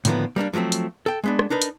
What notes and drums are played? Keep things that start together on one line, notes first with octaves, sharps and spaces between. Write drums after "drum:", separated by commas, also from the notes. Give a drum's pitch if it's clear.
A2 D3 D#3 F3 A#3 B3, drum: hi-hat
G3 A#3 C4 D4
F3 F#3 G#3 A3 C4
drum: hi-hat
A4 G5
G#3 B3 D4
drum: rim click
D4 D#4 A#4 B4
drum: hi-hat